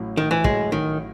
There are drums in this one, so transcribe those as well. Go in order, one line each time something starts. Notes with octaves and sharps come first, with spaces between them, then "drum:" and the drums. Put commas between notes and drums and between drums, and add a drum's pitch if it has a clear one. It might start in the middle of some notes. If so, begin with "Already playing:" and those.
Already playing: A1 A2 F#3
D#3
E3
A1 A2 F#3 G#3, drum: kick
D#3